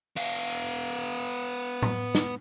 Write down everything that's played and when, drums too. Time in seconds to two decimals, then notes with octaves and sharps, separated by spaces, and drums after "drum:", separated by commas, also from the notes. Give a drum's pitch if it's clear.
0.16 B3 F5, drum: cymbal
1.82 drum: tom A2
2.15 drum: snare